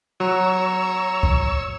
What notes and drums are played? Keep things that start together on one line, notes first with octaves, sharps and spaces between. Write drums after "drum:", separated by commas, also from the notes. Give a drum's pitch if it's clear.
F#3 C#5 A#5 E6
drum: kick C2